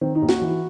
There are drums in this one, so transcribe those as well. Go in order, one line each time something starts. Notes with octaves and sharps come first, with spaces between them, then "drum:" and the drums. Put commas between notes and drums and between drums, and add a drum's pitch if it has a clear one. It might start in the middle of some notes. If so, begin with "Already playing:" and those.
D#3 C4
D#4
D#2
F#4, drum: snare
E3